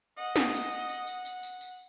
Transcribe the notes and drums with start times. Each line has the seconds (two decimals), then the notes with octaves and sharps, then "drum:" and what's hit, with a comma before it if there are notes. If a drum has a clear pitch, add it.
0.18 D#5 F#5
0.36 drum: snare
0.54 drum: tambourine
0.71 drum: tambourine
0.89 drum: tambourine
1.07 drum: tambourine
1.25 drum: tambourine
1.43 drum: tambourine
1.61 drum: tambourine